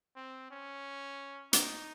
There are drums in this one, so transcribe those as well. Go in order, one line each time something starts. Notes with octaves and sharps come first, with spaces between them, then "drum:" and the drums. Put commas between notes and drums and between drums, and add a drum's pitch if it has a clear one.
C4
C#4
D#4, drum: hi-hat